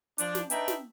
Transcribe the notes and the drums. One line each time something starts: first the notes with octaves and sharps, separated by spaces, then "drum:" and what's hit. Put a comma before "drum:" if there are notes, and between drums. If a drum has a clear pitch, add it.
F3 D4, drum: hi-hat
drum: snare
D4 D#4 B4 E5 G5 A#5, drum: hi-hat
drum: snare